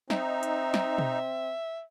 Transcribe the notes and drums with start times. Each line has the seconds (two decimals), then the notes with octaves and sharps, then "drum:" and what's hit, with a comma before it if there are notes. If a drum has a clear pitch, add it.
0.10 C4 D#4 E5, drum: snare
0.43 drum: hi-hat
0.74 drum: snare
0.98 drum: tom B2